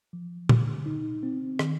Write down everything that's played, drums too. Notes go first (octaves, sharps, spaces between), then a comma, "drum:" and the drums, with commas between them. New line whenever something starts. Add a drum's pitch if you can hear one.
F3
D3, drum: tom
D#4
C4
D#3, drum: rim click